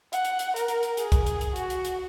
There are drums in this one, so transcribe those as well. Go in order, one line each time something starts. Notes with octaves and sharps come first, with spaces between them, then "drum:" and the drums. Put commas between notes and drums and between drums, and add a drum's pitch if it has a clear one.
F#5, drum: hi-hat
drum: hi-hat
drum: hi-hat
A#4, drum: hi-hat
drum: hi-hat
drum: hi-hat
G#4, drum: hi-hat
drum: kick, hi-hat
drum: hi-hat
drum: hi-hat
F#4, drum: hi-hat
drum: hi-hat
drum: hi-hat